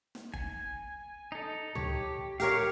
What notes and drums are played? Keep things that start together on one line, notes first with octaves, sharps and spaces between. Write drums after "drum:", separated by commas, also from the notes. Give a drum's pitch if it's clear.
drum: snare
G#5, drum: kick G1
D#4 A4
G4 C#5, drum: tom
G4 A#4 C#5 F5, drum: hi-hat